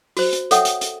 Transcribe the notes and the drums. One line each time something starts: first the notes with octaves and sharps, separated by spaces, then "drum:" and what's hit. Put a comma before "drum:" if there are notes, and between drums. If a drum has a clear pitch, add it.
F#4 C5, drum: open hi-hat
drum: hi-hat
A4 C#5 E5 F#5 G5 D#6, drum: hi-hat
drum: hi-hat
drum: hi-hat